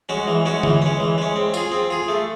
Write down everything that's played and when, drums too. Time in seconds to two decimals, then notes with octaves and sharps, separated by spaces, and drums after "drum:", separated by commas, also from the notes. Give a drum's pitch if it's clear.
0.09 G#3 C#4 F#4
0.27 E3
0.45 G#3 C#4 F#4
0.63 E3, drum: tom D3
0.82 G#3 C#4
1.00 E3
1.18 G#3 C#4
1.36 C4
1.54 F4 G#4, drum: tambourine
1.72 C4
1.90 F4 G#4
2.08 A3